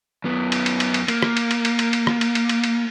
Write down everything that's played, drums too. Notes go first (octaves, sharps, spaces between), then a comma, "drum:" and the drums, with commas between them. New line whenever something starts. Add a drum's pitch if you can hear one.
F#2 B3
drum: cymbal
drum: cymbal
drum: cymbal
drum: cymbal
A#3, drum: cymbal
drum: rim click
drum: cymbal
drum: cymbal
drum: cymbal
drum: cymbal
drum: cymbal
drum: rim click
drum: cymbal
drum: cymbal
drum: cymbal
drum: cymbal